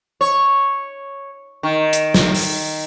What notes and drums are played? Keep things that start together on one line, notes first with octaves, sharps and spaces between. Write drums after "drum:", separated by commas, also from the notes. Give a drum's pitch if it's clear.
C#5
D#3
drum: hi-hat
drum: snare
drum: open hi-hat